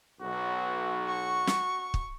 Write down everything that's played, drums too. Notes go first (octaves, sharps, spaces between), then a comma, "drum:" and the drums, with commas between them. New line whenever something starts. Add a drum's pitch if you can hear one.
B1 F#4
C#6
drum: snare
drum: kick